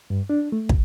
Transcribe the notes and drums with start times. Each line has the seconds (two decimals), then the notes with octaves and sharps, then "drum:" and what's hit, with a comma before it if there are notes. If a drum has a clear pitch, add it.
0.10 G2
0.30 D4
0.52 A3
0.69 D2, drum: kick